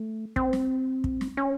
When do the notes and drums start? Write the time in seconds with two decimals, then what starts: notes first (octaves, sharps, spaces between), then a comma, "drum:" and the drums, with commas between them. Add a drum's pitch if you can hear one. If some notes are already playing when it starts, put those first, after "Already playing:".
Already playing: A3
0.36 C4, drum: kick
0.53 drum: snare
1.04 drum: kick
1.21 drum: snare
1.37 C#4